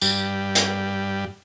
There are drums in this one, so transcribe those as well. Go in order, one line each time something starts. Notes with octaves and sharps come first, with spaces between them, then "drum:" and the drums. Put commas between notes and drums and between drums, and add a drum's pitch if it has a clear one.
G2 G3, drum: tambourine
drum: hi-hat